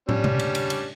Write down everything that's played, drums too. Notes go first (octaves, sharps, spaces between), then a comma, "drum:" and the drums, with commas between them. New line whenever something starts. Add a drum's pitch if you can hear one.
G3 C#4 D4, drum: tom
drum: tom B2
drum: cymbal
drum: cymbal
drum: cymbal